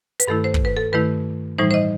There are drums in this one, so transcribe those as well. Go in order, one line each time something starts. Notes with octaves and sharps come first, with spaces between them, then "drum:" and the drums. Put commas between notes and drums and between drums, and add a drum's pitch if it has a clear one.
B4, drum: hi-hat
G2 D#3 A3 E4 A4
C5
drum: kick
B4
A4
G2 D#3 A3 E4 B4
A2 E3 G3 D#4 C5
C5
D#5